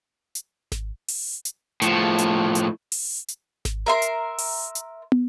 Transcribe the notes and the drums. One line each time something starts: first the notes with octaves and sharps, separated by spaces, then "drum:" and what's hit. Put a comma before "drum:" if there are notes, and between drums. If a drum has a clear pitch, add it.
drum: hi-hat
drum: snare G#1
drum: open hi-hat
drum: hi-hat
A2 F3, drum: hi-hat
drum: hi-hat
drum: hi-hat
drum: open hi-hat
drum: hi-hat
drum: snare G#1
A#4 E5 C6
drum: hi-hat
drum: open hi-hat
drum: hi-hat
drum: tom